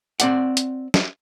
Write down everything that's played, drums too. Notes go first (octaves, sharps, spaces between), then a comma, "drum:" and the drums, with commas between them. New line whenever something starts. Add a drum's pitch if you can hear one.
C4 D5 F#5, drum: hi-hat
drum: hi-hat
drum: snare